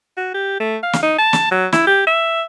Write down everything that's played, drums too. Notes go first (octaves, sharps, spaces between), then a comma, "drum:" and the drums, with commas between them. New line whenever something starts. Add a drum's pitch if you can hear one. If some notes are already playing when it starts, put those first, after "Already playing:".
F#4
G4
A3
F5
drum: snare
D#4
A5
drum: snare
F#3
E4, drum: snare
G4
E5